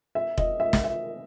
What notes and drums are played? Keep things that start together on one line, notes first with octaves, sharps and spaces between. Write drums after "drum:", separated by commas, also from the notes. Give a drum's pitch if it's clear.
E5
D#5, drum: kick F1
E5
drum: snare
E5